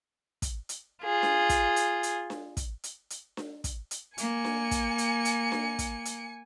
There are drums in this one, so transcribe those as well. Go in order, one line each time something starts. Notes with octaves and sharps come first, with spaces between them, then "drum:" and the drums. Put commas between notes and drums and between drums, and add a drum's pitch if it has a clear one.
drum: kick, hi-hat
drum: hi-hat
F4 G#4
drum: snare D4
drum: kick, hi-hat
drum: hi-hat
drum: hi-hat
drum: snare D4
drum: kick, hi-hat
drum: hi-hat
drum: hi-hat
drum: snare D4
drum: kick, hi-hat
drum: hi-hat
A#3 G#5 C#7, drum: hi-hat
drum: snare D4
drum: kick, hi-hat
drum: hi-hat
drum: hi-hat
drum: snare D4
drum: kick, hi-hat
drum: hi-hat